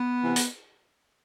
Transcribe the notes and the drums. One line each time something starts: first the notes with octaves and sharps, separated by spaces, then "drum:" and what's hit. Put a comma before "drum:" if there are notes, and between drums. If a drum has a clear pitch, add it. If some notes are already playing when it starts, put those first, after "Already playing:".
Already playing: B3
C3 E3
drum: hi-hat